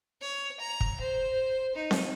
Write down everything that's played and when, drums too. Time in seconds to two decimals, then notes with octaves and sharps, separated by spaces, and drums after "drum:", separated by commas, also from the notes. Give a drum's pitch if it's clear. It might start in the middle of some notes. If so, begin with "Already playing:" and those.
0.21 C#5
0.60 A#5
0.81 drum: kick
1.00 C5
1.75 D#4
1.91 drum: snare C4